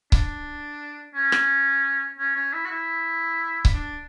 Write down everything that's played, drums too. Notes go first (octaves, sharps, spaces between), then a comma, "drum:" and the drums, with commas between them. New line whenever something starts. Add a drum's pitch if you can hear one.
D4, drum: kick C#1
C#4
drum: rim click
C#4
C#4
E4
F#4
E4
drum: kick C#1
D4